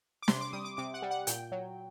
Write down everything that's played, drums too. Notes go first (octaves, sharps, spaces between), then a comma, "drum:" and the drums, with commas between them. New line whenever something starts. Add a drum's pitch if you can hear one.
D6
C3 C6, drum: snare
D6
G3 D#6
D6
C3 D6
F#5
G3
F#5
A#2 G5, drum: hi-hat
F#3